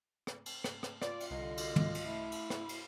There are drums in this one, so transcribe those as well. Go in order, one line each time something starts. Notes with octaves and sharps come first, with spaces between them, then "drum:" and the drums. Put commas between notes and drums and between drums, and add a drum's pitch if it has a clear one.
drum: rim click
drum: cymbal
drum: rim click
drum: rim click
F4 D5, drum: rim click
drum: cymbal
C2 D3 D#5
drum: cymbal
drum: tom
drum: cymbal
A3 E4
drum: cymbal
drum: rim click
drum: cymbal